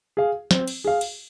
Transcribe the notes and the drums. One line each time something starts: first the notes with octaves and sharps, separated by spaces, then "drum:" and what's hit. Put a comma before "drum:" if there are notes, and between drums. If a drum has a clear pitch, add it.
G#4 F5
C4, drum: snare
drum: cymbal
G#4 F5
drum: cymbal